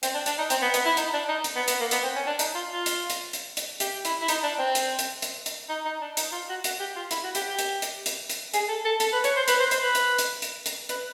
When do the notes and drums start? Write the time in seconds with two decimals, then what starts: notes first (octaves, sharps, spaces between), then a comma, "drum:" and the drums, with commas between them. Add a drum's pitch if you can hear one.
0.03 C4, drum: hi-hat
0.14 D4
0.26 D4, drum: hi-hat
0.38 D#4
0.50 C4, drum: hi-hat
0.62 B3
0.74 B3, drum: hi-hat
0.85 E4
0.97 D#4, drum: hi-hat
1.13 D4
1.29 D#4
1.44 drum: hi-hat
1.56 B3
1.68 B3, drum: hi-hat
1.80 A#3
1.91 B3, drum: hi-hat
2.03 C4
2.15 C#4
2.27 D4
2.39 D#4, drum: hi-hat
2.54 F4
2.70 F4
2.86 drum: hi-hat
3.10 drum: hi-hat
3.33 drum: hi-hat
3.57 drum: hi-hat
3.80 G4, drum: hi-hat
4.05 E4, drum: hi-hat
4.21 E4
4.28 D#4, drum: hi-hat
4.43 D4
4.59 C4
4.75 drum: hi-hat
4.99 drum: hi-hat
5.22 drum: hi-hat
5.46 drum: hi-hat
5.69 D#4
5.85 D#4
6.01 D4
6.17 D#4, drum: hi-hat
6.32 F4
6.49 F#4
6.64 F#4, drum: hi-hat
6.80 G4
6.96 F4
7.11 E4, drum: hi-hat
7.24 F#4
7.35 G4, drum: hi-hat
7.46 G4
7.59 drum: hi-hat
7.82 drum: hi-hat
8.06 drum: hi-hat
8.29 drum: hi-hat
8.54 G#4, drum: hi-hat
8.68 A4
8.85 A4
9.00 A4, drum: hi-hat
9.13 B4
9.24 C#5, drum: hi-hat
9.36 C5
9.48 B4, drum: hi-hat
9.59 C5
9.71 C5, drum: hi-hat
9.82 B4
9.95 drum: hi-hat
10.18 drum: hi-hat
10.42 drum: hi-hat
10.66 drum: hi-hat
10.89 B4, drum: hi-hat